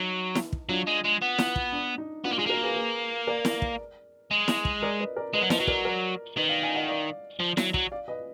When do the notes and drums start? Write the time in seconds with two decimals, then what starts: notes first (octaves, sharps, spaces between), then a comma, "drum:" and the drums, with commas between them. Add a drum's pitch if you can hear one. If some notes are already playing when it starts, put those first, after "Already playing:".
Already playing: F#3 D#4
0.35 drum: snare E4
0.53 drum: kick
0.69 F#3 D4 F4
0.87 G#3
1.04 G#3
1.22 B3
1.38 drum: snare E4
1.56 drum: kick
1.73 D4
1.98 D#4
2.24 B3 D4 F4
2.31 A#3
2.38 G#3 F4 G#4
2.46 A#3 F#4 A#4
2.63 G#4 B4
2.75 G#4 B4
3.27 A#4 D5
3.45 drum: snare E4
3.62 drum: kick
4.31 G#3
4.48 drum: snare E4
4.65 drum: kick
4.82 A#4 D5
4.99 B4 D#5
5.16 A#4 D5
5.33 G#3 B4 D#5
5.42 F#3
5.50 F3 B4 D#5, drum: snare E4
5.60 F#3
5.67 A#4 D5, drum: kick
5.85 A#4 D5
6.37 D#3 B4 D#5
6.49 D5 F5
6.62 F5 G#5
6.75 D#5 F#5
6.88 D5 F5
7.40 F3
7.57 F#3, drum: snare E4
7.74 F#3, drum: kick
7.92 D5 F5
8.08 B4 D#5